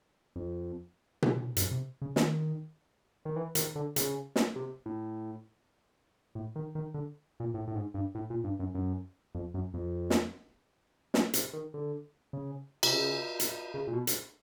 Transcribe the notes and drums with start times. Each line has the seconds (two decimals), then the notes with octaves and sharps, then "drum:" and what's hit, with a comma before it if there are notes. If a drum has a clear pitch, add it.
0.36 F2
1.22 drum: tom B2
1.56 F#2, drum: hi-hat
1.71 C3
2.02 C#3
2.16 D#3, drum: snare
3.25 D#3
3.36 E3
3.55 D#3, drum: hi-hat
3.76 D3
3.96 C#3, drum: hi-hat
4.36 drum: snare
4.56 C3
4.86 A2
6.35 A2
6.56 D#3
6.75 D#3
6.94 D3
7.40 A#2
7.54 A2
7.68 A2
7.75 G#2
7.94 G2
8.15 A2
8.30 A#2
8.44 G2
8.59 F#2
8.75 F#2
9.35 F2
9.54 F#2
9.74 F2
10.10 drum: snare
11.14 F#2, drum: snare
11.34 C3, drum: hi-hat
11.53 D#3
11.74 D3
12.33 C#3
12.83 C3, drum: cymbal
12.93 C#3
13.40 drum: hi-hat
13.74 C#3
13.87 A#2
13.93 B2
14.07 drum: hi-hat